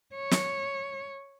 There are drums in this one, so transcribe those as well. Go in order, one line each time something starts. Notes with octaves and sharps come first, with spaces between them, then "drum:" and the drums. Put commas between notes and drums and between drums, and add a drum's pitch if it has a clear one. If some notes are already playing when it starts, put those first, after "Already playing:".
C#5
drum: snare